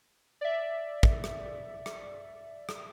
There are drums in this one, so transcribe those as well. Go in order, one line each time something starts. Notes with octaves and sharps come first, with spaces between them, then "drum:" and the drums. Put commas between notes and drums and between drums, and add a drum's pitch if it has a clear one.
D5 E5
drum: kick
drum: rim click
drum: rim click
drum: rim click